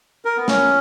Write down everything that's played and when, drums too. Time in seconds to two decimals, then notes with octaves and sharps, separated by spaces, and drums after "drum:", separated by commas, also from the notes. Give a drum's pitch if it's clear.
0.25 A#4
0.37 B3
0.48 C#4, drum: snare